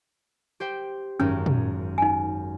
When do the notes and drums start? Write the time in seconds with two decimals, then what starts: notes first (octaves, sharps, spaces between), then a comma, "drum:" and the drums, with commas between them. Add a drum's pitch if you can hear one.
0.60 G4 C5 G5
1.20 G#1 F#2 C#4
1.46 drum: tom
1.98 D#4 G#5